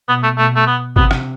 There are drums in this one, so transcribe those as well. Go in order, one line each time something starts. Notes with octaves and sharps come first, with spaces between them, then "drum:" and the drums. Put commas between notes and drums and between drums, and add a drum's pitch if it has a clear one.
B2 B3
A3
B2 A3
A3
B3
C3 B3, drum: kick G1
drum: rim click